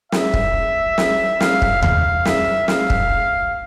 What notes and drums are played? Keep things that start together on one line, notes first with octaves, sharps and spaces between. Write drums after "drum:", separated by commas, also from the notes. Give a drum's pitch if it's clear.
E5, drum: snare
drum: kick
drum: snare
F5, drum: snare
drum: kick
F5, drum: tom D#2
E5, drum: snare
F5, drum: snare
drum: kick